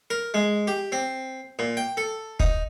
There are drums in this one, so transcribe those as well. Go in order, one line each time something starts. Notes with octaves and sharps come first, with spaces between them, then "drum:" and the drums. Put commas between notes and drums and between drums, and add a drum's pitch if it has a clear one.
A#4
G#3
G4
C4
A#2
G5
A4
D#4, drum: kick D#1